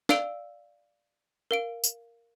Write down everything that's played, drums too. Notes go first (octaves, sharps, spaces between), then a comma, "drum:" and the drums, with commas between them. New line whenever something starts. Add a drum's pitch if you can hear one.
D5 F5 E6 D7 F7 G7, drum: snare
A#4 F5 D7
drum: tambourine